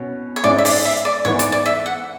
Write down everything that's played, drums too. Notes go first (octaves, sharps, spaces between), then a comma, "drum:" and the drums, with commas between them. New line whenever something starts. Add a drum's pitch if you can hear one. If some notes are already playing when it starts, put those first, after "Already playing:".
Already playing: B2 C#4
C#5
G#2 G#3 C#4 E4 D5
E5
D5, drum: open hi-hat
E5
D5
G#2 E3 B3 C#5
D5, drum: hi-hat
D5
E5
F#5